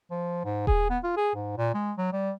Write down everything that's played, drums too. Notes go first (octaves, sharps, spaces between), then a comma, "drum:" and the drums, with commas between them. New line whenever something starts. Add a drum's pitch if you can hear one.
F3
G#2
G#4, drum: kick D#1
B3
F4
G#4
G#2
A#2
G#3
F#3
G3